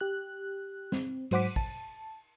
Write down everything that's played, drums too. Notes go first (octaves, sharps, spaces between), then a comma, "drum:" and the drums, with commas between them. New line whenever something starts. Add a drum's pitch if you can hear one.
G4 F#6
C4, drum: snare
G#2 F#3 C5 F#5 D6 B6, drum: cymbal
A5, drum: kick